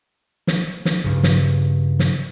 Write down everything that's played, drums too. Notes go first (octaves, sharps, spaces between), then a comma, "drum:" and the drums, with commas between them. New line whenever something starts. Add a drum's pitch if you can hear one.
drum: snare
drum: snare
G2 C#3
drum: snare
drum: snare